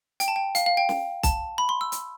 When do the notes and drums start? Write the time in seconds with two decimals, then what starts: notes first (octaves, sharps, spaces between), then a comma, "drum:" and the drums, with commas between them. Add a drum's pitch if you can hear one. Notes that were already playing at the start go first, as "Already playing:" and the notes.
0.20 G5, drum: hi-hat
0.28 A5
0.36 G5
0.55 F5, drum: hi-hat
0.66 F5
0.77 G5
0.89 drum: snare
1.23 A5, drum: kick B1, hi-hat
1.58 B5
1.69 C6
1.81 E6
1.92 drum: hi-hat